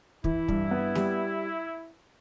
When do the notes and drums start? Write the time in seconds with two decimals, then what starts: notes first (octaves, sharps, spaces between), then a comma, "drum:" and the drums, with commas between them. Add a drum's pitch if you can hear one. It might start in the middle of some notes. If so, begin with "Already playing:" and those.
0.24 E3 E4, drum: kick
0.48 G2, drum: kick
0.71 B3
0.95 G3, drum: snare